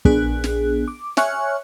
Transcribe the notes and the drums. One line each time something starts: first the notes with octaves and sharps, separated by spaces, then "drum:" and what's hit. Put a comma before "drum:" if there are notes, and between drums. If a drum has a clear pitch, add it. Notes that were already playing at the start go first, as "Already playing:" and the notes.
A#1 B3 D4 G#4 F#6, drum: kick
drum: snare
D6
C#5 E5 G#5 C#6 F6 F#6, drum: snare